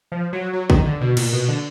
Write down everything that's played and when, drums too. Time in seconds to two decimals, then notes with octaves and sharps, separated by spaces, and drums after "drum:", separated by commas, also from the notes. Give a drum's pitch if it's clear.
0.12 F3
0.33 F#3
0.53 F#3
0.70 D#3, drum: kick
0.85 D3
1.01 B2
1.17 A#2, drum: cymbal
1.33 B2
1.48 D3